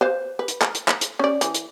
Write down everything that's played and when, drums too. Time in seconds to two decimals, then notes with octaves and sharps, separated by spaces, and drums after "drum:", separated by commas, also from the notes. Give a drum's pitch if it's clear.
0.01 B4 C5 F5
0.39 B4
0.48 drum: hi-hat
0.61 drum: clap
0.75 drum: hi-hat
0.88 drum: clap
1.01 drum: hi-hat
1.19 C#4 D5
1.41 E3, drum: hi-hat
1.54 drum: hi-hat